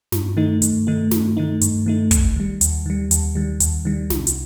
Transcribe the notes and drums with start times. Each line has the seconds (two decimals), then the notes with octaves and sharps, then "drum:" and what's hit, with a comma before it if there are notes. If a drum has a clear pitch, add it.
0.12 G2, drum: snare
0.37 D#3 A3 D#4
0.62 G2, drum: hi-hat
0.87 D#3 A3 D#4
1.11 G2, drum: snare
1.37 D#3 A3 D#4
1.61 G2, drum: hi-hat
1.86 D#3 A3 D#4
2.11 D#2, drum: kick, hi-hat
2.36 D#3 G3
2.61 D#2, drum: hi-hat
2.86 D#3 G3
3.11 D#2, drum: hi-hat
3.35 D#3 G3
3.60 D#2, drum: hi-hat
3.85 D#3 G3
4.10 C2, drum: snare
4.27 drum: hi-hat